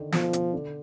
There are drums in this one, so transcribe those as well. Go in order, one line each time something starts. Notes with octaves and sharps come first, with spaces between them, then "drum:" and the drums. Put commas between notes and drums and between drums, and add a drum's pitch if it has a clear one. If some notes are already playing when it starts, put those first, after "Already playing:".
Already playing: D3 D#3
B2 F3, drum: snare
B2, drum: hi-hat
D3